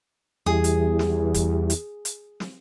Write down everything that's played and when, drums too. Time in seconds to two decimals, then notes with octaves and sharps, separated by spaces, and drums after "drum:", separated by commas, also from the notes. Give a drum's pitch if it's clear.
0.46 E2 E3 G3 G#4
0.64 drum: hi-hat
0.99 drum: snare
1.34 drum: kick, hi-hat
1.70 drum: hi-hat
2.05 drum: hi-hat
2.40 drum: snare